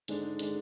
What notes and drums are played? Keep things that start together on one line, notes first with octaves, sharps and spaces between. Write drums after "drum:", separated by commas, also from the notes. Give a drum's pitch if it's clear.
G#2 D3 G#3 D4, drum: hi-hat
D3 G#3 D4, drum: hi-hat